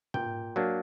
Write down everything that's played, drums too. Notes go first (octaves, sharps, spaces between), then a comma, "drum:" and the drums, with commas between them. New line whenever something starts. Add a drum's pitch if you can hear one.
A#2 G5, drum: tom
F#3 A#3 D4